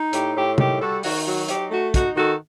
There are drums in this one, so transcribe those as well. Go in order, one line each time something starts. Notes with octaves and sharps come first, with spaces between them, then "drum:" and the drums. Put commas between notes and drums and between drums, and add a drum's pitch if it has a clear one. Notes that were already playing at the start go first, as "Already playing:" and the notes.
Already playing: D#4
A2 G4, drum: hi-hat
A2 G4
D#3 G4, drum: tom
G3 F#4 A4
D#3 F#4, drum: open hi-hat
F#3 F#4
D#4 G4, drum: hi-hat
A3 F#4
D#4 F#4, drum: kick, hi-hat
D#3 F#4 A4